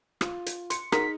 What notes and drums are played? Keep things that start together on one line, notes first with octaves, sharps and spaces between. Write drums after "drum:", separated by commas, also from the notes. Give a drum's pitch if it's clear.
F4, drum: rim click
drum: hi-hat
C6 C#7, drum: hi-hat
D#4 F#4 G#4 A#4 B6, drum: rim click